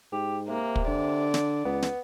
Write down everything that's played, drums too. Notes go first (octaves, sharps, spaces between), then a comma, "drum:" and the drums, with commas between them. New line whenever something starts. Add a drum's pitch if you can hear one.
G#2 G4
C3 A#3
drum: kick
D3 D5
drum: snare
C#2 B3
drum: snare